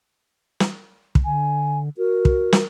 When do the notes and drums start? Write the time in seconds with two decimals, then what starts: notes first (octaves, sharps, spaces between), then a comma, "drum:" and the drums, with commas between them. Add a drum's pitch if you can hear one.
0.60 drum: snare
1.15 drum: kick
1.25 D3 G#5
1.98 F#4 A#4
2.25 drum: kick
2.53 drum: snare